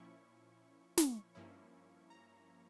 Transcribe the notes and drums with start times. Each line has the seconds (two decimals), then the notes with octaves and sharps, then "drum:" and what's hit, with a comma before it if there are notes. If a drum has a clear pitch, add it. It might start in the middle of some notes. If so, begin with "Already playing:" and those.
Already playing: A#2 F3 C#4 E4 C#6
0.97 C#6, drum: snare
1.35 G2 F3 A#3 C#4 E4
2.10 A#5